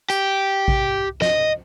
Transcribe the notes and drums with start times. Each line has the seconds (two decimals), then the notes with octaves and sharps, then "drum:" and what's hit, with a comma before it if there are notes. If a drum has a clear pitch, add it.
0.10 G4, drum: hi-hat
0.68 drum: kick A1
1.22 D#5, drum: snare